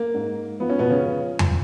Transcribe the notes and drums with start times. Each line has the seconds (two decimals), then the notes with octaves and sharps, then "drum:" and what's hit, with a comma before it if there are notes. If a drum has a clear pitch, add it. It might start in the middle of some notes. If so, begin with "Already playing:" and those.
Already playing: A#3
0.14 G#2
0.60 F3 B3
0.69 C#4
0.79 B2 B3
0.90 C#3 C#4
1.05 F3
1.39 drum: tom E2